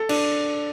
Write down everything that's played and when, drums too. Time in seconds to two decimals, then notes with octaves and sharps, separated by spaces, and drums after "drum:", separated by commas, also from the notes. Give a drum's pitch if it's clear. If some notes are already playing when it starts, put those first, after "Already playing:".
Already playing: A4
0.09 D4, drum: cymbal